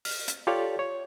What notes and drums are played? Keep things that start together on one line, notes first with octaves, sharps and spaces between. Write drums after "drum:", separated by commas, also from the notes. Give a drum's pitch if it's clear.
F6, drum: open hi-hat
drum: hi-hat
F4 G4 A4 C#5 D5 F5
C#5